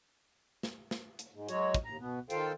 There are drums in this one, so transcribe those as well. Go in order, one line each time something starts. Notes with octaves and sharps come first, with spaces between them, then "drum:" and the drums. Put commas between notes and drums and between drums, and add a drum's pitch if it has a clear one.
drum: snare
drum: snare
drum: hi-hat
G#2
F#3 G#3 F#4 C#5, drum: hi-hat
drum: kick, hi-hat
D#2 A#5
B2 B3
D#3 F4 A4 C5 F5 G5, drum: hi-hat